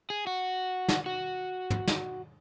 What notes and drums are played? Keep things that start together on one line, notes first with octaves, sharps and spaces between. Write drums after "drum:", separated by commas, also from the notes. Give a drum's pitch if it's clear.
G#4
F#4
drum: snare
F#4
drum: tom
drum: snare